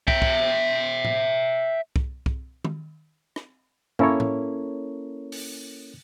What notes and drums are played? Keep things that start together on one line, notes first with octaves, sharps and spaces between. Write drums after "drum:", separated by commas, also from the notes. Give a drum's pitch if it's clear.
E5 G5, drum: kick
drum: kick
drum: tom A2
drum: kick
drum: kick
drum: tom
drum: rim click
A#3 C#4 E4 A4 A#4 C#5, drum: tom
drum: tom A2
drum: open hi-hat